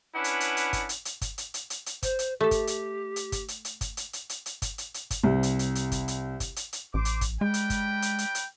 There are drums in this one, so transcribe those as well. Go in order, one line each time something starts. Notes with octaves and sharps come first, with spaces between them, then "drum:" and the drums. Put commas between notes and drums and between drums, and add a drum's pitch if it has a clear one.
C#4 D4 E4 B4 F#5
drum: hi-hat
drum: hi-hat
drum: hi-hat
drum: kick G1, hi-hat
drum: hi-hat
drum: hi-hat
drum: kick G1, hi-hat
drum: hi-hat
drum: hi-hat
drum: hi-hat
drum: hi-hat
C5, drum: kick G1, hi-hat
drum: hi-hat
A3 G4 A4
drum: kick G1, hi-hat
drum: hi-hat
drum: hi-hat
drum: kick G1, hi-hat
drum: hi-hat
drum: hi-hat
drum: kick G1, hi-hat
drum: hi-hat
drum: hi-hat
drum: hi-hat
drum: hi-hat
drum: kick G1, hi-hat
drum: hi-hat
drum: hi-hat
drum: kick G1, hi-hat
C2
drum: hi-hat
drum: hi-hat
drum: hi-hat
drum: kick G1, hi-hat
drum: hi-hat
drum: kick G1, hi-hat
drum: hi-hat
drum: hi-hat
A1 C5 D6
drum: hi-hat
drum: kick G1, hi-hat
G3 G#3 B4 G5
drum: hi-hat
drum: kick G1, hi-hat
drum: hi-hat
drum: hi-hat
drum: hi-hat